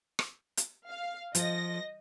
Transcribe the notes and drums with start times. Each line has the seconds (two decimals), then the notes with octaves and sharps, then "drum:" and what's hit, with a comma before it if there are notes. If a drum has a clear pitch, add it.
0.19 drum: rim click
0.57 drum: hi-hat
0.88 F5
1.35 F3 D#5 A#6, drum: hi-hat